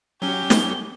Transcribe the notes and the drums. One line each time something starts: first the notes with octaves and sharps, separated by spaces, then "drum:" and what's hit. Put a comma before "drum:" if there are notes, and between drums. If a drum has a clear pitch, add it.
F#3 C#4 G4 G7
drum: snare